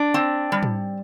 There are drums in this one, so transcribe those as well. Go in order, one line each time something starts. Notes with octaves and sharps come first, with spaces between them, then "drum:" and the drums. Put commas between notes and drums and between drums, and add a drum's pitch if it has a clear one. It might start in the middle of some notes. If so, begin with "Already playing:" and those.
Already playing: D4
C4
G3
drum: tom